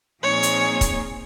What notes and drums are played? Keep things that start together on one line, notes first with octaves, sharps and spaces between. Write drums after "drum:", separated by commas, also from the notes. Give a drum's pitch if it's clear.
A#2 F3 C4 D#4 G#4 C#5
drum: hi-hat
drum: kick, hi-hat